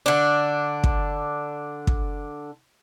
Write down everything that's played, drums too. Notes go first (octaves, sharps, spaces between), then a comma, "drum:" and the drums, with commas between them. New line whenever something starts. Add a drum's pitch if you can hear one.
D3 D4
drum: kick
drum: kick